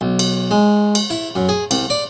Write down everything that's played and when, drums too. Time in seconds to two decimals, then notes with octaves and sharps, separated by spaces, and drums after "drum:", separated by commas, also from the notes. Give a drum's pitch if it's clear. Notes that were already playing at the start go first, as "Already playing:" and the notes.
0.01 B1
0.19 drum: cymbal
0.51 G#3
0.95 drum: cymbal
1.10 E4
1.35 F#2
1.49 G#4
1.71 C2, drum: cymbal
1.90 D5